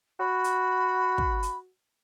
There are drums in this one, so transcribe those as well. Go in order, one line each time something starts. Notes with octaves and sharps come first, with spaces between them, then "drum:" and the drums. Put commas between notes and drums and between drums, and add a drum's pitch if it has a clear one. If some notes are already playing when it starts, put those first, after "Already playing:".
F#4 B5
drum: hi-hat
drum: kick
drum: hi-hat